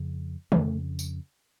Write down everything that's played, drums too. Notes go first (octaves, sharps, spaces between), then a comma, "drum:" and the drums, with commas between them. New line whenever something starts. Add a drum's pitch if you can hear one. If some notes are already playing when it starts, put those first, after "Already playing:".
Already playing: F2 C#3
F2 C#3 A3, drum: tom D3
drum: tambourine